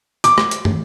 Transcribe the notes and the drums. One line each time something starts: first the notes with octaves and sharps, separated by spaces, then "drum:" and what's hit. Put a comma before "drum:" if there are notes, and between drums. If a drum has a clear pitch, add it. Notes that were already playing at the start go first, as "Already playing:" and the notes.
D6, drum: hi-hat
drum: rim click
drum: hi-hat
drum: tom